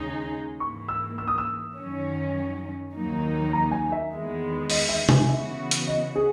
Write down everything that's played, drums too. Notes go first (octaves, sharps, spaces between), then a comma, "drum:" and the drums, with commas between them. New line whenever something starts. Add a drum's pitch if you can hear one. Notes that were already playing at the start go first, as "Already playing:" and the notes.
Already playing: D#2 C#3 G#3 D#4 G#4
G#2 E3 A#3 C#6
E6
E6
D#6
E6
F#2 D#3 F#3 C#4
D#2 D#3 F#3 A#3 D#4
A#5
G#5
E5
E2 D#3 G#3 B3
D#5, drum: open hi-hat
E5
G#5, drum: tom C3
C#3 E3 B3 F#4 E5
drum: hi-hat
D#5
G#4